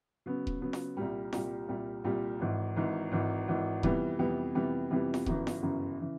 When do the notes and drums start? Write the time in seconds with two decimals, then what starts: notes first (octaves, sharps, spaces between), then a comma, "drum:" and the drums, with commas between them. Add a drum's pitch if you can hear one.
0.26 C#3 F#3 B3
0.47 drum: kick D#1
0.61 C#3 F#3 B3
0.73 drum: snare F4
0.97 C2 A#2 G3
1.33 C2 A#2 G3, drum: snare F4
1.68 C2 A#2 G3
2.04 C2 A#2 G3
2.40 G#1 G#2 E3
2.76 G#1 G#2 E3
3.11 G#1 G#2 E3
3.48 G#1 G#2 E3
3.83 F2 C3 E3 G3 B3, drum: kick D#1
4.19 F2 C3 E3 G3 B3
4.55 F2 C3 E3 G3 B3
4.91 F2 C3 E3 G3 B3
5.14 drum: snare F4
5.26 G1 F#2 C#3 E3, drum: kick D#1
5.47 drum: snare F4
5.62 G1 F#2 C#3 E3
6.00 C#3 E3